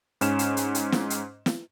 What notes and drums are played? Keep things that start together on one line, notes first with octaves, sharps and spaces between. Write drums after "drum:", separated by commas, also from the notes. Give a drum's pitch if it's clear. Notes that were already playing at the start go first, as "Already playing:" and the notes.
G#2 C#4 E7, drum: hi-hat
drum: hi-hat
drum: hi-hat
drum: hi-hat
drum: snare
drum: hi-hat
drum: snare